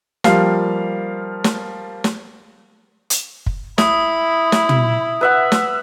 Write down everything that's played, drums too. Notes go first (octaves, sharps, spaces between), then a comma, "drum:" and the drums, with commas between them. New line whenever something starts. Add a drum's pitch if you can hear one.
F3 G3 A#3 F5 C7, drum: snare
drum: snare
drum: snare
drum: hi-hat
drum: kick
E4 B5 D#6, drum: snare
drum: snare
drum: tom
B4 E5 F#5 E6
drum: snare